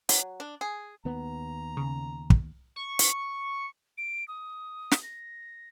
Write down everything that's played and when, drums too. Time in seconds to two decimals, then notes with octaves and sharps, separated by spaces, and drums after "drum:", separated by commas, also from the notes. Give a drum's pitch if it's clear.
0.09 F#3, drum: hi-hat
0.40 D4
0.61 G#4
1.05 D#2 B3 A#5
1.77 C#3
2.30 drum: kick
2.76 C#6
2.99 drum: hi-hat
3.98 D7
4.28 D#6
4.91 drum: snare
5.03 A#6